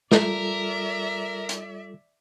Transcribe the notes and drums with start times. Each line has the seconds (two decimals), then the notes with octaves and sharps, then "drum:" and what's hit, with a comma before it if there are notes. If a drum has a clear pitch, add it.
0.12 G3 F4 A4 A#4 D5 E5, drum: snare
1.49 drum: hi-hat